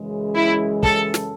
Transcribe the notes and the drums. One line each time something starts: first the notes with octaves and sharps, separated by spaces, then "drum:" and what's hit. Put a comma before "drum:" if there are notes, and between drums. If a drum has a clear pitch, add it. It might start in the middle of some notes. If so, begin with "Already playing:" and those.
Already playing: F#2 C#3 E3 G#3
E4
A4, drum: kick
drum: snare